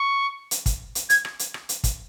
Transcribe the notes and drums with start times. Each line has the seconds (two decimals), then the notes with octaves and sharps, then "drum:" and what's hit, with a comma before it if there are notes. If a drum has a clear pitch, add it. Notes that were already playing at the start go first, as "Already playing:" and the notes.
Already playing: C#6
0.51 drum: hi-hat
0.66 drum: kick, hi-hat
0.95 drum: hi-hat
1.10 G#6, drum: hi-hat
1.25 drum: rim click
1.39 drum: hi-hat
1.54 drum: rim click
1.69 drum: hi-hat
1.84 drum: kick, hi-hat